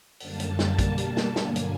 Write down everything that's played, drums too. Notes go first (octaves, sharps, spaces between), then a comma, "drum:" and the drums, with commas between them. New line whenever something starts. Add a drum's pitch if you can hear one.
F#2 D3 G3 A#3 A5, drum: open hi-hat
drum: hi-hat
drum: snare
B2 G3 A#3, drum: kick, hi-hat
drum: hi-hat
drum: snare
G2 D3 F#3 A#3 G#5, drum: snare
drum: hi-hat